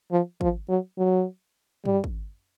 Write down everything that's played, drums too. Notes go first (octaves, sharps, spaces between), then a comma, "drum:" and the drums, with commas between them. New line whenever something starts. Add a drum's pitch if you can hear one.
F3
F3, drum: kick
F#3
F#3
G3, drum: tom
drum: kick